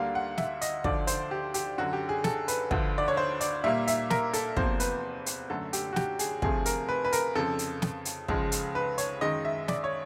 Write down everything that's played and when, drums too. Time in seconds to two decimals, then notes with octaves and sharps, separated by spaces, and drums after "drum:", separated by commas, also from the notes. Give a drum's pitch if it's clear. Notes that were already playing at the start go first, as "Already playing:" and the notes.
Already playing: D2 D3 G3 A#3 F5
0.15 F#5
0.38 E5, drum: snare
0.61 D#5, drum: hi-hat
0.84 D2 D3 F3 D5, drum: kick
1.07 C5, drum: hi-hat
1.31 G4
1.54 G4, drum: hi-hat
1.78 F#2 D3 F#3 F#4
1.93 G4
2.09 G#4
2.24 A4, drum: snare
2.48 B4, drum: hi-hat
2.71 D2 D3 F3, drum: kick
2.98 D5
3.08 C#5
3.17 C5
3.41 D5, drum: hi-hat
3.64 A#2 G3 A#3 E5
3.87 E5, drum: hi-hat
4.10 A#4, drum: snare
4.33 A4, drum: hi-hat
4.57 E2 C3 F3 A#3 C5, drum: kick
4.80 B4, drum: hi-hat
5.26 drum: hi-hat
5.49 F#2 D3 F#3 A3 A4
5.73 G4, drum: hi-hat
5.93 F#4
5.96 G4, drum: snare
6.19 G#4, drum: hi-hat
6.42 D2 C3 F3 A3 G#4, drum: kick
6.66 A#4, drum: hi-hat
6.89 B4
7.05 B4
7.13 A#4, drum: hi-hat
7.35 F2 C#3 F3 A4
7.59 drum: hi-hat
7.82 drum: snare
8.05 drum: hi-hat
8.28 C#2 C#3 F3 G#3, drum: kick
8.52 drum: hi-hat
8.75 B4
8.98 C#5, drum: hi-hat
9.21 F#2 D#3 G#3 D#5
9.45 E5
9.68 D5, drum: snare
9.84 C#5